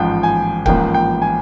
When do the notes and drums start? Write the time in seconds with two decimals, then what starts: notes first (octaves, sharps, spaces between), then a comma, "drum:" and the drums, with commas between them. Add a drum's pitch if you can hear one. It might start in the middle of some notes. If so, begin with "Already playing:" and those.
Already playing: A1 G#2 F3 G5
0.23 G#5
0.66 A1 G#2 F3 A#3 G5, drum: kick
0.94 G5
1.22 G#5